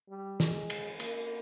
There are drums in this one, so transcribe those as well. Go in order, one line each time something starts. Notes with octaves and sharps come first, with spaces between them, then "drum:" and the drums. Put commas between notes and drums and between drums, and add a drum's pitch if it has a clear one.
G3
G#3, drum: snare
drum: cymbal
A#3, drum: cymbal